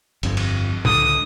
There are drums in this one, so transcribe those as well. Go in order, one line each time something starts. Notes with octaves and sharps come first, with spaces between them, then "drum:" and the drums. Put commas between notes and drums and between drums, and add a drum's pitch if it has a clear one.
G1 F2, drum: hi-hat
drum: cymbal
C#2 D3 D#6, drum: tom A2